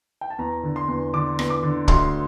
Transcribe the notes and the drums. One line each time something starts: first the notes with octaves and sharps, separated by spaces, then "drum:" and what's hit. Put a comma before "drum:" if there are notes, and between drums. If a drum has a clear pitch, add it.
G5
A5
E2 A#5
D3
C6
E2
D3 D6
E2, drum: rim click
D6
D3
D2 C6, drum: kick